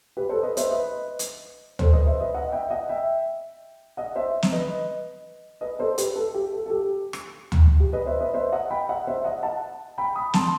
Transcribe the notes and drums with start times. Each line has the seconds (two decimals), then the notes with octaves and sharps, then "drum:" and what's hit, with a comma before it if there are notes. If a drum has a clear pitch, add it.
0.17 G4 B4
0.29 A4 C5
0.43 B4 D#5
0.57 C5 E5, drum: hi-hat
0.70 B4 D#5
1.19 drum: hi-hat
1.79 A4 C5, drum: tom D2
1.93 B4 D#5
2.06 C5 E5
2.20 B4 D#5
2.34 D#5 F#5
2.52 E5 G5
2.70 D#5 F#5
2.89 E5 G5
3.97 D#5 F#5
4.16 C5 E5
4.42 drum: snare
4.52 B4 D#5
5.61 B4 D#5
5.79 A4 C5
5.98 G4 B4, drum: hi-hat
6.16 A4
6.34 G4
6.53 A4
6.66 A4
6.70 G4
7.13 drum: rim click
7.52 drum: tom D2
7.80 G4
7.93 B4 D#5
8.06 C5 E5
8.21 B4 D#5
8.34 C5 E5
8.52 D#5 F#5
8.71 G5 B5
8.89 D#5 F#5
9.07 C5 E5
9.24 D#5 F#5
9.43 F#5 A5
9.98 G5 B5
10.16 B5 D#6
10.34 A5 C6, drum: snare